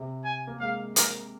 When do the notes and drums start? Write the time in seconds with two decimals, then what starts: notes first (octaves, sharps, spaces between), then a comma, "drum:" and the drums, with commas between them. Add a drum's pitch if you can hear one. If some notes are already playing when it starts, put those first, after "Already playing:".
Already playing: C3
0.24 G#5
0.47 A#3
0.60 G#3 F5
0.96 A#4, drum: hi-hat